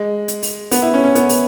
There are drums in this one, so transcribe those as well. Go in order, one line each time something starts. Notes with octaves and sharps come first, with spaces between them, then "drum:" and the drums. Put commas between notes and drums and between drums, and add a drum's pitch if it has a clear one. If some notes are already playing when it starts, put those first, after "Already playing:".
Already playing: G#3
drum: hi-hat
drum: open hi-hat
B3, drum: open hi-hat
E4
C#4
C#4
B3, drum: hi-hat
drum: open hi-hat